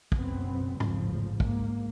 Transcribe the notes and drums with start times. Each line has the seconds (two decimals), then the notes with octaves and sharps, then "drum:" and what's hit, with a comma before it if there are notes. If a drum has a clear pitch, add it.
0.12 F#1 F#2 B2 B3 C4, drum: kick
0.80 A1 E2 G#2 C#3 F3, drum: tom
1.40 G#2 A#3, drum: kick